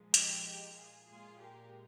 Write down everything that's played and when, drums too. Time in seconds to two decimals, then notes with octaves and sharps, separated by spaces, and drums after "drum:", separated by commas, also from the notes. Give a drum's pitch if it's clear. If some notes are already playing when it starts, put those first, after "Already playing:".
Already playing: A#2 F3 G#3
0.14 D#4 G4, drum: hi-hat
0.45 D#4 G4
0.77 F4 G#4
1.09 A#2 G#3 F4 G#4
1.40 G4 A#4